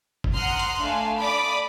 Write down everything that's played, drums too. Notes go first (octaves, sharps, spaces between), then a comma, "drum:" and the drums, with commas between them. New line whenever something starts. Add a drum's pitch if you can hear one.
drum: kick G1
F#5 A#5 C6 D#6 F6 F#6
drum: hi-hat
A3 D4 F5 G#5
D5 B5 D6 D#6